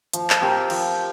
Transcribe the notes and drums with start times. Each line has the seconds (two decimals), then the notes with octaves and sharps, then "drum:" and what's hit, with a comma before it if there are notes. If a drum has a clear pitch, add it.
0.13 F3, drum: hi-hat
0.30 drum: clap
0.41 C4 G4 A#4
0.70 F3, drum: cymbal